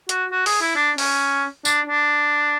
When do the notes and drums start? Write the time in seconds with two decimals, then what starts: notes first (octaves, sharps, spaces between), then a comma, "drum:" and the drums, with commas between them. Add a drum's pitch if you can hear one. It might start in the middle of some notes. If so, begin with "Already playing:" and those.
0.09 F#4, drum: hi-hat
0.31 F#4
0.46 G#4, drum: open hi-hat
0.61 E4
0.76 D4
0.98 C#4, drum: open hi-hat
1.65 D4, drum: tambourine
1.87 D4